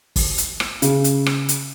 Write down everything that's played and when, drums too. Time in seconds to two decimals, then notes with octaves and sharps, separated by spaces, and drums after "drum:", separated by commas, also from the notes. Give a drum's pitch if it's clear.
0.16 drum: kick, open hi-hat
0.38 drum: hi-hat
0.60 drum: rim click
0.82 C#3, drum: hi-hat
1.04 drum: hi-hat
1.26 drum: rim click
1.49 drum: hi-hat